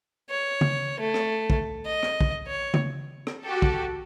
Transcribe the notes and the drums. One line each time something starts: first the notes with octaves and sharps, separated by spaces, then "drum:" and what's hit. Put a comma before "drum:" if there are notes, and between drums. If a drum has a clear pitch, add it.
C#5
drum: tom C#3
A3
drum: rim click
drum: kick
D#5
drum: rim click
drum: kick
C#5
drum: tom C#3
drum: rim click
F#4 G4 A4
drum: kick